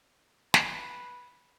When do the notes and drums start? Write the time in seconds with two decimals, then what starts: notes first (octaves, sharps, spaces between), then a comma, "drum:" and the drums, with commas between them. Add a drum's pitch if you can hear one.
0.54 B4, drum: snare